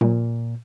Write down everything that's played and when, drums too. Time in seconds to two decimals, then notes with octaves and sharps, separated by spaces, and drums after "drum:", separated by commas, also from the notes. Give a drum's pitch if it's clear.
0.01 A#2, drum: tom F3